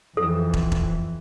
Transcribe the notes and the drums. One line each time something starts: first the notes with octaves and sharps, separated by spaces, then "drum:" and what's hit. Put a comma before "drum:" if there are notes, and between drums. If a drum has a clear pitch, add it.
F2 E3 A4
drum: kick
drum: kick